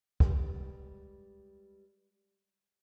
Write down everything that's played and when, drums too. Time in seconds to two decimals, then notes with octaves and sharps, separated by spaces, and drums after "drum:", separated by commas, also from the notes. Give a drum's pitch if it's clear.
0.20 G3 G#3 B4 G5, drum: kick